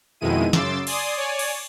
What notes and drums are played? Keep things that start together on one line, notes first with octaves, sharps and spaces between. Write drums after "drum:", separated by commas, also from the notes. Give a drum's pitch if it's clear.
F2 B2 D#3 G#3 E4 D#7
F#2 C#3 C6 D6 E6 A6, drum: snare
D5 G#5 C6 D#6, drum: cymbal
C#5 D5 G#5
drum: cymbal